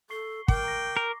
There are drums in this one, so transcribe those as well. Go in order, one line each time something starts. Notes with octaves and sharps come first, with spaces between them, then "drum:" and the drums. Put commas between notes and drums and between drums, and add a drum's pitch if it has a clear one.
A4 C#6 C7 G7
A#4 G5 D6, drum: kick
A#5 A#6
A#4